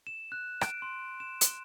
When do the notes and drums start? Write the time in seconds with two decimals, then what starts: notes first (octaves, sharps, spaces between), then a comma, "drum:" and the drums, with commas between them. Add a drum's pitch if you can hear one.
0.07 E7
0.32 F#6
0.61 D7, drum: rim click
0.82 C6
1.20 E7
1.41 drum: hi-hat